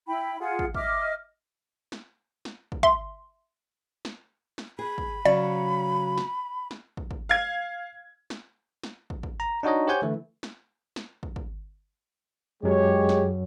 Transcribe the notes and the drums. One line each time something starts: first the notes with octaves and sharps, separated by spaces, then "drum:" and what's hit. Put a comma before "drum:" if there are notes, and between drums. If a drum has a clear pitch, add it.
E4 G5 B5
F4 G#4 F#5
drum: kick
D#5 E5 D6 F6, drum: kick
drum: snare
drum: snare
drum: kick
E5 C6, drum: kick
drum: snare
drum: snare
G#4 B5
drum: kick
C#3 F#3 D5
drum: snare
drum: snare
drum: kick
drum: kick
F5 G#6
drum: snare
drum: snare
drum: kick
drum: kick
A#5
D4 D#4 F#4 C#5 D#5
G4 C5 C#5 F#5 G#5 G6
D3 E3 A3
drum: snare
drum: snare
drum: kick
drum: kick
F#2 F#3 G#3 G4 C#5
drum: snare